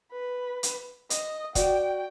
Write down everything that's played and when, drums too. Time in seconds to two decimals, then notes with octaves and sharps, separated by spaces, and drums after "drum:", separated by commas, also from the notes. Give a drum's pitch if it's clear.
0.12 B4
0.63 drum: hi-hat
1.10 D#5, drum: hi-hat
1.55 F#4 D5 G5, drum: kick, hi-hat